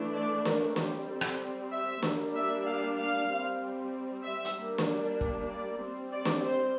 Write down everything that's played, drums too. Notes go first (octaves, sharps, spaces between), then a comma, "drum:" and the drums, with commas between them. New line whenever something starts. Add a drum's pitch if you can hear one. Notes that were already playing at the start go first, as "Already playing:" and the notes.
Already playing: E3 A3 D4
D5
A#4, drum: snare
G3 C4 G4, drum: snare
A4
drum: rim click
E5
G3 A#3 D4, drum: snare
E5
F5
F5
G3 C4
E5
drum: hi-hat
G3 A#3 D4
drum: snare
drum: kick
D5
G3 C4
D5
drum: snare
C5